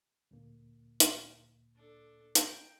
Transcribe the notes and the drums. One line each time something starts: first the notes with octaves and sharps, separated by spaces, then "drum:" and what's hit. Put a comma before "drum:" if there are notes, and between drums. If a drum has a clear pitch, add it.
D2 A#2 A#3
drum: hi-hat
D4 A4
D#4 G5, drum: hi-hat